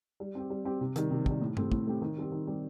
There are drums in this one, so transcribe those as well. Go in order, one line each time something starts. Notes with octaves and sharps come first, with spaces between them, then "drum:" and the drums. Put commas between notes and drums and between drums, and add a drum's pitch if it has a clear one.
G3
C4 G4
G3
C4 G4
C3
D#3 G3, drum: hi-hat
C3
D#3 G3, drum: kick
A2
A3 C4 G4, drum: tom G2
A2, drum: kick
A3 C4 G4
D#3
G3 C4 G4
D#3
G3 C4 G4